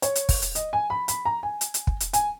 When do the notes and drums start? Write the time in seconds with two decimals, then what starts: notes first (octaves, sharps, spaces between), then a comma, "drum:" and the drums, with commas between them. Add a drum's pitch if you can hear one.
0.02 C#5, drum: hi-hat
0.15 drum: hi-hat
0.29 drum: kick, open hi-hat
0.42 drum: hi-hat
0.55 D#5, drum: hi-hat
0.73 G#5
0.90 B5
1.08 B5, drum: hi-hat
1.25 A#5
1.43 G#5
1.61 drum: hi-hat
1.74 drum: hi-hat
1.87 drum: kick
2.00 drum: hi-hat
2.13 G#5, drum: hi-hat